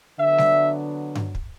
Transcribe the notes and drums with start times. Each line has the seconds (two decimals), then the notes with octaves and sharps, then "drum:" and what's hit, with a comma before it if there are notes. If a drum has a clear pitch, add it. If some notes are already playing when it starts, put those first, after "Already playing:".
0.18 D3 F#3 B3 D4 E5
0.38 drum: snare G3
1.15 drum: tom G2
1.35 drum: kick